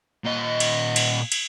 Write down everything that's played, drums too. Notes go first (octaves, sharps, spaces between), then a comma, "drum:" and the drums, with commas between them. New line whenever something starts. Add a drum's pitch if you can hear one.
A#2 D#5
drum: cymbal
drum: cymbal
drum: cymbal